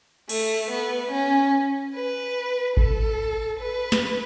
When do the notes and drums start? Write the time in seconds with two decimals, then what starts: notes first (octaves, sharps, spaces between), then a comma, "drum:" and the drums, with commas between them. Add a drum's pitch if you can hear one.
0.29 A3, drum: cymbal
0.71 B3
1.11 C#4
1.94 B4
2.77 A4, drum: kick G#1
3.59 B4
3.92 drum: snare